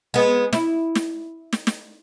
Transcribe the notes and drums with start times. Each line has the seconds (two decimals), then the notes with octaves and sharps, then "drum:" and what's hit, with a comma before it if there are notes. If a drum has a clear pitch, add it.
0.14 G#3 B3
0.53 E4, drum: snare
0.95 drum: snare
1.53 drum: snare
1.67 drum: snare